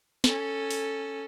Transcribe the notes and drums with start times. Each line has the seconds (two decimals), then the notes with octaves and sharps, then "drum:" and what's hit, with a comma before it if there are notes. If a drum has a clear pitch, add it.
0.24 C#4 A4, drum: snare
0.71 drum: open hi-hat